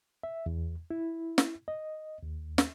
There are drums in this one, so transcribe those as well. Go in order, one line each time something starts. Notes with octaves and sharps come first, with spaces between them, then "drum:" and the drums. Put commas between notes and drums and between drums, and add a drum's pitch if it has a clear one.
E5
E2
E4
drum: snare
D#5
D#2
drum: snare